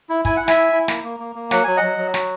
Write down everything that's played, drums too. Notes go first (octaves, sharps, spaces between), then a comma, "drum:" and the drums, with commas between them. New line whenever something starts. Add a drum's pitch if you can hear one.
E4
E4 G#5, drum: kick, hi-hat
E4 F#5
E5 G#5, drum: snare
E4
E4
A#3, drum: snare
A#3
A#3
A#3
F#3 F#5, drum: snare
F#3 G#5
D#5 F#5
F#3
F#3
F#4, drum: snare